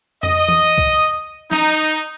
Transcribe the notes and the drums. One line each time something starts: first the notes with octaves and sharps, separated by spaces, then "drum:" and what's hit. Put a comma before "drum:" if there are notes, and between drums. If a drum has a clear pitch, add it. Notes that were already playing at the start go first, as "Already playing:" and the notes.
D#5, drum: tom F2
drum: tom E3
drum: kick C2
D#4, drum: snare